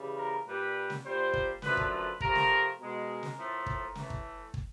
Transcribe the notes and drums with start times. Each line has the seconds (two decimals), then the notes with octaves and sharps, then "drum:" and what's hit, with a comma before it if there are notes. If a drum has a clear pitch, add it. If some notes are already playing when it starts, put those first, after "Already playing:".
Already playing: C#3 E3 G3
0.17 A#4
0.46 A#2 G3 B4
0.90 drum: snare
1.04 A#2 G3 C5
1.33 drum: kick
1.62 F#2 D3 F3 A3 B4, drum: snare
1.77 drum: kick
1.92 B4
2.20 C3 F3 A3 A#4, drum: kick
2.35 drum: snare
2.79 B2 G#3 A#4
3.23 drum: snare
3.37 A2 F3 A3
3.66 drum: kick
3.95 A2 E3 A3, drum: snare
4.10 drum: kick
4.54 drum: kick